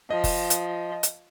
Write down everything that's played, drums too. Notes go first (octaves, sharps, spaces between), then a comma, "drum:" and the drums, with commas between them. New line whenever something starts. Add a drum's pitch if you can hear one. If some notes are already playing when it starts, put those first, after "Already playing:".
F3 D#5
drum: kick F1, open hi-hat
drum: hi-hat
drum: hi-hat